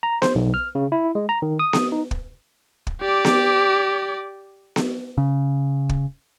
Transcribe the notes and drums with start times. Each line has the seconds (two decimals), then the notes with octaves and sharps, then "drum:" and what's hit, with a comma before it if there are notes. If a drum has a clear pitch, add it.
0.03 A#5
0.22 C5, drum: snare B3
0.35 B1
0.54 F6
0.75 C#3
0.92 E4
1.15 G#3
1.29 A#5
1.42 D#3
1.59 D#6
1.73 drum: snare B3
1.92 D#4
2.11 drum: kick
2.87 drum: kick
3.01 G4 D5
3.25 drum: snare B3
4.76 drum: snare B3
5.18 C#3
5.89 drum: kick